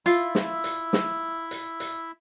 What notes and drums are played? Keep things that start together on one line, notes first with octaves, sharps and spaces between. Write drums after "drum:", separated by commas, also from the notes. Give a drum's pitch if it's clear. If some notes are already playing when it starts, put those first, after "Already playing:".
E4 F4 E5, drum: hi-hat
drum: snare
drum: hi-hat
drum: snare
drum: hi-hat
drum: hi-hat